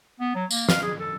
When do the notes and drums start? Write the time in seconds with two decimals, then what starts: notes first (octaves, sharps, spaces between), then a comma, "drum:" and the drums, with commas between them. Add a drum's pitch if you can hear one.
0.20 B3
0.35 F#3
0.51 A#3, drum: tambourine
0.69 F5, drum: snare
0.83 G#4
1.00 A4